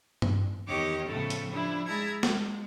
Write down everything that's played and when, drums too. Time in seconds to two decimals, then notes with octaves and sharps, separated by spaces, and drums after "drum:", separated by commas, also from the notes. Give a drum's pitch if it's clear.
0.22 drum: tom G2
0.67 E2 D#3 G4 C#5 D#5 D6
1.07 A2 C#3 F3 A3 B3 A4
1.30 drum: hi-hat
1.51 F3 G3 D4 E4
1.88 G#3 E4 G#4 A5 A#5 G#6
2.23 G#3, drum: snare